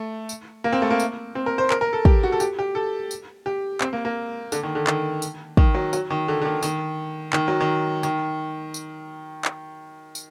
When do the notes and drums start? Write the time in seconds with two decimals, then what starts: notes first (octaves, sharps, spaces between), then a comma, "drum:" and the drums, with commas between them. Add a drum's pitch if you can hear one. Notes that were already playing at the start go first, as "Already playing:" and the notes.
Already playing: A3
0.29 drum: tambourine
0.64 A#3
0.73 C4
0.82 A3
0.90 A#3
1.00 drum: tambourine
1.35 C4
1.46 A#4
1.58 C5
1.70 A#4, drum: clap
1.81 A#4
1.93 A4
2.05 G4, drum: kick
2.23 F#4
2.32 A4
2.40 G4, drum: tambourine
2.59 G4
2.75 A4
3.11 drum: tambourine
3.46 G4
3.81 C4, drum: clap
3.93 A#3
4.05 A#3
4.52 D3, drum: tambourine
4.63 D#3
4.75 D3
4.87 D#3, drum: clap
5.22 drum: tambourine
5.57 D#3, drum: kick
5.75 F#3
5.93 F#3, drum: tambourine
6.10 D#3
6.28 D3
6.42 D3
6.45 D#3
6.63 D#3, drum: tambourine
7.33 D#3, drum: clap
7.48 F#3
7.61 D#3
8.03 D#3, drum: tambourine
8.74 drum: tambourine
9.45 drum: clap
10.15 drum: tambourine